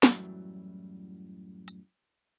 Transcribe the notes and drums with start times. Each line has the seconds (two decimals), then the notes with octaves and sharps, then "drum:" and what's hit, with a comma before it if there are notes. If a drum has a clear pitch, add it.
0.03 F#2 A2 E3 F#3 G3, drum: snare
1.68 drum: hi-hat